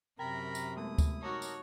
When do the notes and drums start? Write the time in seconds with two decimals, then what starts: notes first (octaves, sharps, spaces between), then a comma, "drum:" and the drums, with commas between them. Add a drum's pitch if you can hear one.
0.19 F#2 C3 A#4 G5 A#5 B5
0.55 drum: tambourine
0.77 G#3 A3 B3 E4 D#6
0.98 drum: kick D2, tambourine
1.23 D#4 F#4 A#4 C#5 A5 D6 D#6
1.42 drum: tambourine